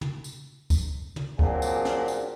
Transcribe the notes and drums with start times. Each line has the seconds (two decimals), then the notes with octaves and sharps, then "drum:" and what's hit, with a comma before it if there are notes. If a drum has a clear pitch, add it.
0.01 drum: tom
0.24 drum: tambourine
0.70 drum: kick, tambourine
1.16 drum: tom
1.39 A#2 F#3 C4 D4 G#4, drum: kick
1.62 drum: tambourine
1.85 drum: snare
2.08 drum: tambourine